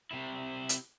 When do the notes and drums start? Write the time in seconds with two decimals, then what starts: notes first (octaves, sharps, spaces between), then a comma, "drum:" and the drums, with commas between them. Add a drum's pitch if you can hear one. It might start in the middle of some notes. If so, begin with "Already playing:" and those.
0.11 C3 E4
0.69 drum: hi-hat